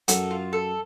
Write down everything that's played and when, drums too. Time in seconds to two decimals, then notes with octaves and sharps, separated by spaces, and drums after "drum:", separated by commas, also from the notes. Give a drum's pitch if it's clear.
0.08 F#2 F#3 A4, drum: hi-hat
0.31 F4
0.53 A4